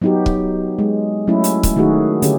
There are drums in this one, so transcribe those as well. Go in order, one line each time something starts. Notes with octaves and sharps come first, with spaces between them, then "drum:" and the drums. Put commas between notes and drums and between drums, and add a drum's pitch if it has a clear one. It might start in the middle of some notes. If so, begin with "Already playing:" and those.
F#3 B3 D#4 F#4 G4
drum: kick
G#3
F#3 A3 C#4 E4
drum: hi-hat
drum: kick, hi-hat
D#3 A3 D#4 F#4 G#4
D3 C#4 G4 G#4, drum: hi-hat